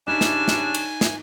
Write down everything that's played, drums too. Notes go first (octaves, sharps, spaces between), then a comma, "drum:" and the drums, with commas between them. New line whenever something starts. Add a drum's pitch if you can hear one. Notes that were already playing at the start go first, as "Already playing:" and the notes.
C#3 G3 D4 D#4 E5 G#5 E7
drum: snare
drum: snare
drum: cymbal
drum: snare